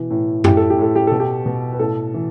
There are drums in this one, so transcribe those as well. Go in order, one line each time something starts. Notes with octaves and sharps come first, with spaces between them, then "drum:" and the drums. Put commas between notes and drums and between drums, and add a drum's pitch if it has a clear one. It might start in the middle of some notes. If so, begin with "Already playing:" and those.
Already playing: B2 E3
A2
A2 G4, drum: tom F#2
A4
G4
A2 A4
G4
B2 A4
G4
B2
B4
A2 A4
E3